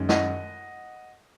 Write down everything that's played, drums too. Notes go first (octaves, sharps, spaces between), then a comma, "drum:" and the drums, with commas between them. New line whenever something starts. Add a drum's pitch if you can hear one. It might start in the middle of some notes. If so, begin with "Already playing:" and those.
Already playing: F#2 D#3 G#3 C#4
D#5 F#5, drum: snare